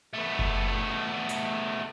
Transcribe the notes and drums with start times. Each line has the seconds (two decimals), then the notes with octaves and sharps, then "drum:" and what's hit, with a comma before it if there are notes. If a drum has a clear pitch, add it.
0.14 A3 B3
0.39 drum: kick F#1
1.29 drum: hi-hat